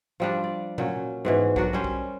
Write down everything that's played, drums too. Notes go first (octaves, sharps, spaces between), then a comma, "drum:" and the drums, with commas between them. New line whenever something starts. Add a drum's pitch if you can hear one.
F3 G3 D4
D5
A#2 F#3 C#4, drum: tom
G#2 B2 E3
F#3 D4 F#4 A#4, drum: kick B1
G3 C#4 C5
drum: kick B1